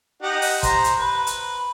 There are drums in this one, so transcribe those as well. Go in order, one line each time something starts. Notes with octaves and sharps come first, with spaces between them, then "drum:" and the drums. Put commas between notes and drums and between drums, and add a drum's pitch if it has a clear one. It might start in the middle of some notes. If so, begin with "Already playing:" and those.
D#4 G4 F#5
drum: open hi-hat
C5 A#5, drum: kick, hi-hat
drum: hi-hat
B4
drum: hi-hat